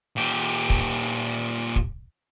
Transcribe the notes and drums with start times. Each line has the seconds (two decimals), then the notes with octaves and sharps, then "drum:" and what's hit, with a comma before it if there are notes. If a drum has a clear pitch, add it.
0.17 A#2 G4
0.70 drum: kick
1.76 drum: kick